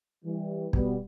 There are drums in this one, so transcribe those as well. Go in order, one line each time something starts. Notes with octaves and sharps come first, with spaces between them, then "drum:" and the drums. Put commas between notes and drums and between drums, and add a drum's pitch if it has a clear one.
E3 G3
B2 G3 B3, drum: kick